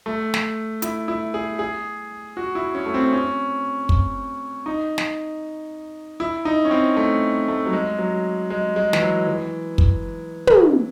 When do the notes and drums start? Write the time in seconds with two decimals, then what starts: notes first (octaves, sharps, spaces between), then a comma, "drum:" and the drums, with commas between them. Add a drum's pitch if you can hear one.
0.06 A3
0.34 drum: snare
0.82 E4, drum: hi-hat
1.08 E4
1.34 G#4
1.59 G#4
2.37 F#4
2.55 E4
2.75 C#4
2.86 A3
2.94 C4
3.13 C#4
3.89 drum: kick
4.66 D#4
4.98 drum: snare
6.20 E4
6.45 D#4
6.65 C#4
6.71 C4
6.97 A3
7.48 A3
7.66 F#3
7.73 G#3
7.98 F#3
8.50 G#3
8.76 G#3
8.93 E3, drum: snare
9.01 F#3
9.27 E3
9.78 drum: kick
10.47 drum: tom